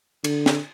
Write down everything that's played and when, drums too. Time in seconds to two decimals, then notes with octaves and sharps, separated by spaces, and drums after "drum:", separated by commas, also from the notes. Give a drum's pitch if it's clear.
0.24 D3, drum: cymbal
0.46 drum: snare